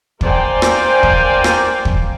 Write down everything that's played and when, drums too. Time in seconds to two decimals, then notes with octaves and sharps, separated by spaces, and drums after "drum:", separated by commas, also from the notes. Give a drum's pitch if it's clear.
0.21 A#4 C5 D5 F5 G5 G#5, drum: kick
0.62 drum: rim click
1.03 drum: kick
1.44 drum: rim click
1.85 drum: kick